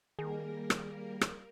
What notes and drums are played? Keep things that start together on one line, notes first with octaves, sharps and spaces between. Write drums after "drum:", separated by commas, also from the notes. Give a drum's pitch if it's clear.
D#3 G3 A#3 G#4 A#4
drum: rim click
drum: rim click